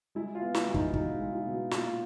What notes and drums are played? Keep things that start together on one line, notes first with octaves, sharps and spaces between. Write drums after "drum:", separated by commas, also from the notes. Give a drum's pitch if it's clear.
G#3 E4
F4
B3
E4, drum: snare
G#3
D#4, drum: kick
B2 D#4, drum: kick
G#3
E4
B2
A#2 F4, drum: snare